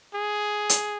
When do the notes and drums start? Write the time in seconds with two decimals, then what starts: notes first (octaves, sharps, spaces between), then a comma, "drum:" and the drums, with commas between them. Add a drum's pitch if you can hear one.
0.15 G#4
0.69 drum: hi-hat